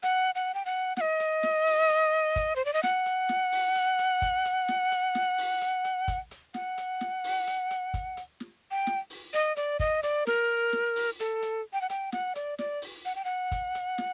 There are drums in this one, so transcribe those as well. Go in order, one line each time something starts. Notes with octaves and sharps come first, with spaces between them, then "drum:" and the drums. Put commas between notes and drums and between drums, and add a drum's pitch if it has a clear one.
F#5, drum: hi-hat
F#5
G5
F#5
F#5, drum: snare
D#5
drum: hi-hat
drum: snare
drum: open hi-hat
drum: hi-hat
drum: kick, hi-hat
C5
D5
D#5
F#5, drum: snare
drum: hi-hat
drum: snare
drum: open hi-hat
drum: hi-hat
drum: hi-hat
drum: kick, hi-hat
drum: hi-hat
drum: snare
drum: hi-hat
drum: snare
drum: open hi-hat
drum: hi-hat
drum: hi-hat
drum: kick, hi-hat
drum: hi-hat
F#5, drum: snare
drum: hi-hat
drum: snare
drum: open hi-hat
drum: hi-hat
drum: hi-hat
drum: kick, hi-hat
drum: hi-hat
drum: snare
G5
drum: snare
drum: open hi-hat
D#5, drum: hi-hat
D5, drum: hi-hat
D#5, drum: kick
D5, drum: hi-hat
A#4, drum: snare
drum: snare
drum: open hi-hat
A4, drum: hi-hat
drum: hi-hat
G5
F#5
G5, drum: hi-hat
F#5, drum: snare
D5, drum: hi-hat
D5, drum: snare
drum: open hi-hat
F#5
G5
F#5
drum: kick, hi-hat
drum: hi-hat
drum: snare